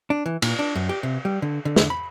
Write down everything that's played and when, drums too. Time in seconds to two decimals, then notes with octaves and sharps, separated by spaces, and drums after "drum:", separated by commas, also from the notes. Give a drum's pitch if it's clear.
0.10 D4
0.26 E3
0.42 A#2, drum: cymbal
0.59 D4
0.75 F#2
0.89 G4
1.03 C3
1.25 G3
1.42 D3
1.65 D3
1.76 drum: snare
1.90 B5